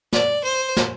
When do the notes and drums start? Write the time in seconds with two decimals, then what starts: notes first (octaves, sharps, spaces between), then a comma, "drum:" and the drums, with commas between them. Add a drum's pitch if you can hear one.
0.12 D5, drum: snare
0.45 C5
0.76 drum: snare